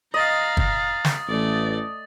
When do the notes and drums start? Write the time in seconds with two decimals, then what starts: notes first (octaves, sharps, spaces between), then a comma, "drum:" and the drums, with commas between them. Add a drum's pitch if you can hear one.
0.14 D#5 F5 A#5 D#6 A6
0.57 drum: kick
1.05 drum: snare
1.28 A1 A3 D5